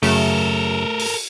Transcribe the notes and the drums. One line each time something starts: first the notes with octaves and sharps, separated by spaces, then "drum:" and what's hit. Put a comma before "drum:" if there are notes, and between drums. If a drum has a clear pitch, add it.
F#2 C#3 A3 A4 A#4, drum: open hi-hat
drum: open hi-hat